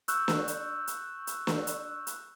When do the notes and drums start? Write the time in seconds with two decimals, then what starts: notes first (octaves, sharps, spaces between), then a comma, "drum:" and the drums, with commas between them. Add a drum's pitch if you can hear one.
0.08 C#6 E6 F#6 G6, drum: hi-hat
0.28 drum: snare
0.48 drum: hi-hat
0.87 drum: hi-hat
1.27 drum: hi-hat
1.47 drum: snare
1.67 drum: hi-hat
2.07 drum: hi-hat